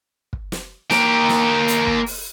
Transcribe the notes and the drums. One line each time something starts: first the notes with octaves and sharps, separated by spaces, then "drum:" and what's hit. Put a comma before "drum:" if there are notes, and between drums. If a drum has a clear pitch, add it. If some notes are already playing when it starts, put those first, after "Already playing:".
drum: kick
drum: snare
A#3 G5, drum: snare
drum: snare
drum: hi-hat
drum: kick
drum: open hi-hat